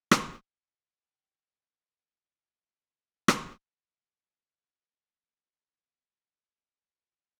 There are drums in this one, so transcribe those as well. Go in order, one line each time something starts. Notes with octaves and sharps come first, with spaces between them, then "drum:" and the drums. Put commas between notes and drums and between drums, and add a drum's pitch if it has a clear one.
drum: rim click
G5
B4
E4 F4 F#5
drum: rim click
D6
C#5
G#4
A#4
C4 D#4
D#4
C4 C#4
F4